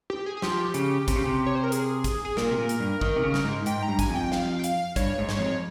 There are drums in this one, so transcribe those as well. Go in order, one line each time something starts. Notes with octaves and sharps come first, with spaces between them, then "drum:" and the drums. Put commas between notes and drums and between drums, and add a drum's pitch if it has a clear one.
G4
G#4
G#4
F3 G4, drum: snare
C#3, drum: hi-hat
C3, drum: kick, hi-hat
C#3
C3
C#5
C5
A#4
G#4, drum: hi-hat
drum: kick, hi-hat
G#4
A#2 A#4, drum: snare
C3
A#2
drum: hi-hat
G2
D#3, drum: kick
C3
C#3
drum: snare
G#2
G#2 G5, drum: hi-hat
A#5
G2
G#5, drum: kick, hi-hat
F2
G5
F5, drum: snare
G5
F5, drum: hi-hat
G2 C#5, drum: kick, hi-hat
G#2
C#5, drum: snare
F2